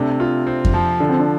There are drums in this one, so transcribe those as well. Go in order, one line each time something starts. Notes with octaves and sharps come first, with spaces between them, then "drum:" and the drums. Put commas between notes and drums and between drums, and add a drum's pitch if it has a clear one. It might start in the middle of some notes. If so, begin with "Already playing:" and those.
Already playing: C3 A3 D4
F4
C4
drum: kick F2
F3
D3 D4
C4
D4